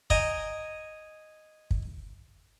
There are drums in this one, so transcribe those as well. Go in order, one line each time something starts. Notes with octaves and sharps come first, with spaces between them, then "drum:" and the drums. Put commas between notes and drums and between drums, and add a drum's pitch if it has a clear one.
D#5 G5 G#5 A#5, drum: kick
drum: kick